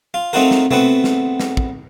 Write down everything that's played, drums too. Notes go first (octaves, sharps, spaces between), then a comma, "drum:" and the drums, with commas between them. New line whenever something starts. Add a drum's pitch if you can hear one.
F4
A3 C4 D#4 F4 F#4 A#4
drum: snare
A3 B3 C4 F#4, drum: tom C3
drum: snare
drum: snare
drum: kick